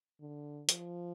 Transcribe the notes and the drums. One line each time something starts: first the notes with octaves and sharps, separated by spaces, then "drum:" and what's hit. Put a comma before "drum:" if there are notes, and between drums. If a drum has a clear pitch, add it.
D3
F3, drum: hi-hat